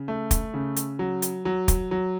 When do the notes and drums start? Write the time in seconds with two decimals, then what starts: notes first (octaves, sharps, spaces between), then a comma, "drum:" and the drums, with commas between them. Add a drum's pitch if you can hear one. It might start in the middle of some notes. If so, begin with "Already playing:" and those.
Already playing: C#3
0.08 A3
0.31 drum: kick, hi-hat
0.54 C#3
0.76 drum: hi-hat
0.99 F#3
1.22 drum: hi-hat
1.45 F#3
1.68 drum: kick, hi-hat
1.91 F#3